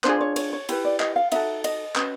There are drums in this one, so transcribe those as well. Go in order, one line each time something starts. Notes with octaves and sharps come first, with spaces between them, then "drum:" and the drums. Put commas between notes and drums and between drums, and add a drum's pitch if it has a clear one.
D4 F4 G#4 C5, drum: clap
C#5
C#5, drum: cymbal
C#5
E4 G4 B4, drum: cymbal
D5
D#5, drum: clap
F5
D#4 F#4 A4 E5, drum: cymbal
D#5, drum: cymbal
C#4 F#4 B4, drum: clap